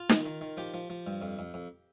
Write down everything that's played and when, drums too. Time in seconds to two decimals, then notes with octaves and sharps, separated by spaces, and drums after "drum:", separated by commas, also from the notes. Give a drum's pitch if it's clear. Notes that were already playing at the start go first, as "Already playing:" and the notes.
Already playing: F4
0.09 D#3, drum: snare D#4
0.26 D#3
0.41 D#3
0.57 F3 G4
0.74 F3
0.90 F3
1.07 G2
1.21 F2
1.39 F2
1.54 F2